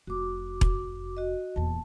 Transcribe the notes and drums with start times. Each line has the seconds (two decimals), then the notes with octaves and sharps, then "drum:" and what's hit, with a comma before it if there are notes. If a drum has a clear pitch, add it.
0.07 F1 F#4 D6
0.61 drum: kick E1
1.17 F#4 D#5
1.56 D#1 E2 A5